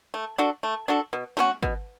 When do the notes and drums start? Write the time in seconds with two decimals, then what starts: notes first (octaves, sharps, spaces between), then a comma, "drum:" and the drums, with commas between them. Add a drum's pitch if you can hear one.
0.14 A3
0.38 D4 F#4 A4
0.63 A3
0.88 D4 F#4 A4
1.13 B2
1.37 A3 C#4 F#4, drum: snare
1.63 B2, drum: kick G#1